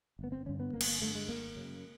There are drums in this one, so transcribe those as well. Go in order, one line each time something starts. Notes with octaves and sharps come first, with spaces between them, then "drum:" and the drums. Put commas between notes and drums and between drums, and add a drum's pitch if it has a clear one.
G1 B3
C4
G2 D3 C#4
B3
G1 A#3
B3, drum: cymbal
A#3
G2 D3 A3
G#3
G#1 A#3
F#2 C#3